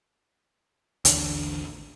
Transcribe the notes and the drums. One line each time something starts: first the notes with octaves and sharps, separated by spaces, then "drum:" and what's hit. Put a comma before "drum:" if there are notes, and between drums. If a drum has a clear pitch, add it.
A1 D#2 D3 D4, drum: hi-hat